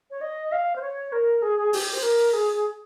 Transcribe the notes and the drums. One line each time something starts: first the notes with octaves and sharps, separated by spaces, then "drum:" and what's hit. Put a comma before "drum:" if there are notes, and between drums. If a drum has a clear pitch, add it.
C#5
D#5
F5
C5
C#5
A#4
G#4
G4, drum: open hi-hat
C5
A#4
G#4